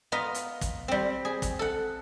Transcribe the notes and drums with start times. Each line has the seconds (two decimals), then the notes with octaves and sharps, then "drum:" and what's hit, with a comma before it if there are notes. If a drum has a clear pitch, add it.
0.12 B3 F4 D#5 A#5
0.34 drum: hi-hat
0.61 drum: kick, hi-hat
0.88 G3 C4
1.25 G#4
1.42 drum: kick, hi-hat
1.59 A4 F#5